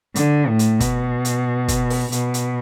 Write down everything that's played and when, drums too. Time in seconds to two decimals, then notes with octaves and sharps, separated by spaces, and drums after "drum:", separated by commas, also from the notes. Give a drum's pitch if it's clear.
0.15 D3, drum: hi-hat
0.48 A2
0.59 drum: hi-hat
0.80 B2, drum: kick, hi-hat
1.25 drum: hi-hat
1.68 drum: kick, hi-hat
1.90 drum: open hi-hat
2.12 B2, drum: hi-hat
2.34 drum: hi-hat